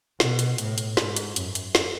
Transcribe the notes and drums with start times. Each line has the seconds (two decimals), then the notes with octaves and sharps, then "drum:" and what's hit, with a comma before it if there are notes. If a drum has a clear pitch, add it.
0.20 B2, drum: snare
0.39 drum: hi-hat
0.58 A2, drum: hi-hat
0.78 drum: hi-hat
0.97 G#2, drum: snare
1.16 drum: hi-hat
1.36 F#2, drum: hi-hat
1.55 drum: hi-hat
1.75 drum: snare